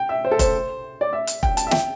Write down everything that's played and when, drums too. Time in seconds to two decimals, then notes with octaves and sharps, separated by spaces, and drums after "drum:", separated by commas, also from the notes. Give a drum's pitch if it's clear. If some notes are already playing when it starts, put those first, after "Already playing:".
Already playing: G5
0.09 E5
0.25 C5
0.31 A4
0.39 C5, drum: kick F1, hi-hat
1.01 D5
1.13 E5
1.27 drum: hi-hat
1.43 G5, drum: kick F1
1.57 A5, drum: hi-hat
1.67 E5
1.71 G5, drum: snare